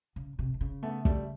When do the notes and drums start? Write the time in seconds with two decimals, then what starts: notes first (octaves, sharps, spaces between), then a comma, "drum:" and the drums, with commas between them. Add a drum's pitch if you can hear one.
0.16 C#3
0.39 C3
0.54 D3
0.61 C#3
0.83 A3 B3
1.05 G3 A3, drum: kick